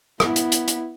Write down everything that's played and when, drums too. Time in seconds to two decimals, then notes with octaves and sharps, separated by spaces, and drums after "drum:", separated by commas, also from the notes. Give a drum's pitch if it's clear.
0.20 B3 E4, drum: rim click
0.36 drum: hi-hat
0.52 drum: hi-hat
0.68 drum: hi-hat